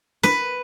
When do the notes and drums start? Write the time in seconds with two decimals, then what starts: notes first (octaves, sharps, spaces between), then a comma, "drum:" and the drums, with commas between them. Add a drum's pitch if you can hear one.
0.23 B4, drum: snare